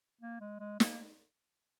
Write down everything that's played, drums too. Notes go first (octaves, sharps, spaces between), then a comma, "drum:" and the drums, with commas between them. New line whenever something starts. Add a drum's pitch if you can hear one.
A#3
G#3
G#3
A#3, drum: snare